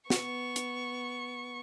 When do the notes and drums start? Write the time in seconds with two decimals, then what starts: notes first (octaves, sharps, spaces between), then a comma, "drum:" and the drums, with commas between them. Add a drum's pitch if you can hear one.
0.10 B3 C#6, drum: snare
0.56 drum: hi-hat